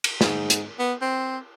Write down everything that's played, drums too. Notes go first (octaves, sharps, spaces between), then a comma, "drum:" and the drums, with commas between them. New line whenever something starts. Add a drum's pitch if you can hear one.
drum: cymbal
G#2, drum: snare
drum: hi-hat
B3
C4